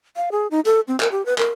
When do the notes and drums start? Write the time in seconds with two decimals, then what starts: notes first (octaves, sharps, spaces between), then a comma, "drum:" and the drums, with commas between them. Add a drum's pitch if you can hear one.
0.16 F5
0.32 G#4
0.51 D#4
0.65 A4, drum: hi-hat
0.88 C4
1.00 A#4, drum: clap
1.12 G4
1.26 B4
1.38 A#4, drum: clap